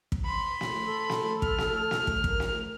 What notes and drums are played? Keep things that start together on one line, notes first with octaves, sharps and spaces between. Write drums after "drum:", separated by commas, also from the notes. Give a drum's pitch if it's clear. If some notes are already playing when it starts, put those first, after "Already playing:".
drum: kick
B5 C6
drum: snare
A4
drum: snare
F6, drum: kick
drum: snare
drum: snare
drum: kick
A#4, drum: kick
drum: snare